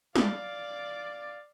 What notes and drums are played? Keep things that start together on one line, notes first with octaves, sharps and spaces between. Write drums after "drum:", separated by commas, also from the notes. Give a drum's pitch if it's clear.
D5 F5, drum: snare